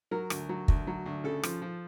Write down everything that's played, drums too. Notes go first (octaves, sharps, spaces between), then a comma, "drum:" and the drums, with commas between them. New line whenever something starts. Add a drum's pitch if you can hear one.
F#3 A#4
D2, drum: rim click
F#3
D2, drum: kick
F#3
D2
C#3 A4
F3, drum: rim click
F3